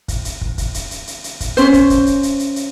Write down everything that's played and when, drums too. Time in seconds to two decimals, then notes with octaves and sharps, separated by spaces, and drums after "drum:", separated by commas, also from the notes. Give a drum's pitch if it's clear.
0.08 drum: kick, hi-hat
0.25 drum: hi-hat
0.41 drum: kick
0.58 drum: kick, hi-hat
0.74 drum: hi-hat
0.91 drum: hi-hat
1.07 drum: hi-hat
1.24 drum: hi-hat
1.40 drum: kick, hi-hat
1.57 C#4 C5, drum: hi-hat
1.73 drum: kick, hi-hat
1.90 drum: kick, hi-hat
2.06 drum: hi-hat
2.23 drum: hi-hat
2.39 drum: hi-hat
2.56 drum: hi-hat